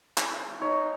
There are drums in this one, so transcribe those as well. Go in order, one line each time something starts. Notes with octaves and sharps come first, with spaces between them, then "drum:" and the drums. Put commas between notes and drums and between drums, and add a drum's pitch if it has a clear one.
drum: clap
D#4 C#5